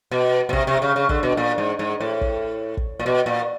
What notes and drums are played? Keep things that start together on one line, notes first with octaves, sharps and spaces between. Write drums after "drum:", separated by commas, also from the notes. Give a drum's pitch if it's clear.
B2
B2
C3, drum: kick
C3
C#3
C#3
D3, drum: kick
B2
A#2
G#2
G#2
A2
drum: kick
drum: kick
A#2
B2
A#2